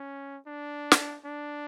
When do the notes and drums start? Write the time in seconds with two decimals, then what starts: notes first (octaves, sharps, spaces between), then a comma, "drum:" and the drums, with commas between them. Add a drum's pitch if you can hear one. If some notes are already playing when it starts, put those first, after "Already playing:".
Already playing: C#4
0.47 D4
0.92 drum: snare
1.25 D4